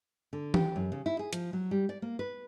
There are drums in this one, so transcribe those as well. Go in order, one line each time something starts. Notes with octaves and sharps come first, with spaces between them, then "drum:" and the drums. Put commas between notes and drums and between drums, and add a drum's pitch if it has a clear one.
D3
G4, drum: tom
F#2
C#3
E4
G#4
F3, drum: hi-hat
F#3
G3
D5
A#3
B4